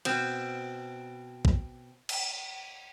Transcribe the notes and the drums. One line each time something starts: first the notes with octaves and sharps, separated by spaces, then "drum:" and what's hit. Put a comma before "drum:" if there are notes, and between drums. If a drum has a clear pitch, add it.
B2 C4, drum: cymbal
drum: kick
drum: cymbal